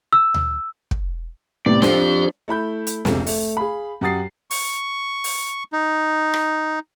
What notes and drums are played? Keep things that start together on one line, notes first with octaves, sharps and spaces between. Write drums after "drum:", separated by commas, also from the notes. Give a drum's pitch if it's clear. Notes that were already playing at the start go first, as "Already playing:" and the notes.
E6
drum: tom D2
drum: kick
A2 C3 B3 D5
F3 C4 D4 G4 C5, drum: snare
A3 E4 B5 G6
drum: hi-hat
F1 C#2 C3, drum: snare
A3, drum: open hi-hat
G#4 F5 B5
F#2 G4 F#5 D#6 A6 C7
C#6, drum: open hi-hat
drum: open hi-hat
D#4
drum: rim click